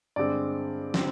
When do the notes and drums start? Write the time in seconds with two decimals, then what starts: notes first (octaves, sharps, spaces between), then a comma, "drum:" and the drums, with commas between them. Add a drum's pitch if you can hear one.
0.16 G2 D3 G#3 C4 D5
0.94 D3 G3 C4, drum: snare